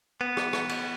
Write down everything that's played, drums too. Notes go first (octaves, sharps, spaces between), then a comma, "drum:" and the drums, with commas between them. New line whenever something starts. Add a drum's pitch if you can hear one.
B3
drum: rim click
drum: rim click
drum: cymbal